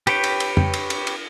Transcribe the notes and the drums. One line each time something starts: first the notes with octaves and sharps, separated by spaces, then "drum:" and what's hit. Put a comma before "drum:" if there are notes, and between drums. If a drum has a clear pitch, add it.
G4 B4 C#5 G5, drum: cymbal
drum: cymbal
drum: cymbal
drum: tom F2
drum: cymbal
drum: cymbal
drum: cymbal